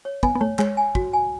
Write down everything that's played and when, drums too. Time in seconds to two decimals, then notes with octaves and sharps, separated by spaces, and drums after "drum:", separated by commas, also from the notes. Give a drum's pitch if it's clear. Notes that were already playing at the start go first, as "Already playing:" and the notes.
0.05 C#5
0.23 B3 G#5, drum: kick
0.35 B3
0.41 A3 C#5
0.59 G#3 C#5, drum: clap
0.77 G#5
0.95 F#4, drum: kick
1.13 G#5